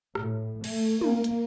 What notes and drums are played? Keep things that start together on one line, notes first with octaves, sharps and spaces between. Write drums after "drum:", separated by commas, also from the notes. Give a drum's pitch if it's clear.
A2, drum: rim click
A3, drum: cymbal
A#3, drum: tom
drum: hi-hat